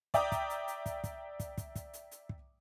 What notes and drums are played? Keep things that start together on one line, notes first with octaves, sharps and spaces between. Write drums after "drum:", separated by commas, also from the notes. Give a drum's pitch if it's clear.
D5 E5 G5 A#5 D6 D#6, drum: kick, hi-hat
drum: kick, hi-hat
drum: hi-hat
drum: hi-hat
drum: kick, hi-hat
drum: kick, hi-hat
drum: kick, hi-hat
drum: kick, hi-hat
drum: kick, hi-hat
drum: hi-hat
drum: hi-hat
drum: kick